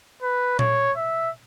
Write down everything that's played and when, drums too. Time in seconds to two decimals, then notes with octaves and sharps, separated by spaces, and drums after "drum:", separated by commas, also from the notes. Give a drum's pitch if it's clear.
0.22 B4
0.59 C#5, drum: tom A#2
0.97 E5